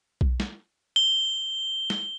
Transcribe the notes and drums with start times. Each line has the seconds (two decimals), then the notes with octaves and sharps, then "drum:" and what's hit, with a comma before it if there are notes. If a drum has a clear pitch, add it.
0.21 drum: kick B1
0.40 drum: snare
0.96 G7
1.90 drum: snare